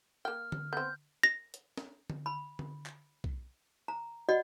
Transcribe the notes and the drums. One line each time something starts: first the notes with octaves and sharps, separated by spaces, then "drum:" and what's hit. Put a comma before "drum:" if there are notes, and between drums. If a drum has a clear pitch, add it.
A#3 G5 F6
drum: tom D3
B3 C4 G6
A#6
drum: hi-hat
drum: snare
drum: tom D3
B5
drum: tom D3
drum: clap
drum: kick
A#5
F#4 D5 D#5 F#5